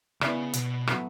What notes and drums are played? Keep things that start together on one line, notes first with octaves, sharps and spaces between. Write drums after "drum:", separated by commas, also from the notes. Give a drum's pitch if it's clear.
C#3 B3 E4 B4 D5, drum: rim click
B2, drum: hi-hat
A2 F#3 B3 F#4, drum: rim click